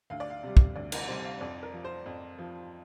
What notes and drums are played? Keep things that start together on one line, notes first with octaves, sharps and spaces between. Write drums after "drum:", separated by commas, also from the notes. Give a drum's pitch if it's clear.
D2 F5
D5
F5
C3 G3
drum: kick
D2 D5
A#4, drum: cymbal
C3 G3 C5
F5
F2 D5
A#4
F3
C5
F2
F3